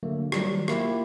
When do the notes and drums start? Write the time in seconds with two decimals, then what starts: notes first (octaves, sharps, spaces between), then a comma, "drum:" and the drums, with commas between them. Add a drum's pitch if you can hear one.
0.03 D3 F#3 A3 A#3
0.32 D#3 F#3 G3, drum: rim click
0.68 A#3 E4 F4 G4, drum: rim click